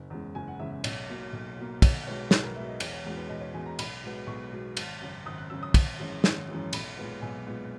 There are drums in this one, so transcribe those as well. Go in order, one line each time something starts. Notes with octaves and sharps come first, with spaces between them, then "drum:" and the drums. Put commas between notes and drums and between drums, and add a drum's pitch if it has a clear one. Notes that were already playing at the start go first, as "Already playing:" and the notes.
Already playing: F#1
E2 C#3 G#3
F#1 G#5
F#5
E2 C#3 G#3 E5
E5
B1 C#5, drum: cymbal
B2 A#3
B1
B2 A#3
B1 C#5, drum: kick, cymbal
B2 G#3 B3 C#5
B1 B4, drum: snare
A#4
B2 G#3 B3 E5
D#5
E1 C#5, drum: cymbal
C#5
E2 B2 G#3 C#4
B4
E1 D#5
C#5
E2 B2 G#3 C#4 G#5
A#5
B1 B5, drum: cymbal
B2 G#3 B3
B1 C#6
B2 G#3 B3
G#1, drum: cymbal
F#2 C#3
G#1 D#6
F#6
F#2 C#3 E6
D#6
G#1, drum: kick, cymbal
F#2 E3 G#3 C#4
G#1, drum: snare
F#2 E3 G#3 C#4
B1 B5, drum: cymbal
A#2 G#3 B3
B1 G#5
A#2 G#3 B3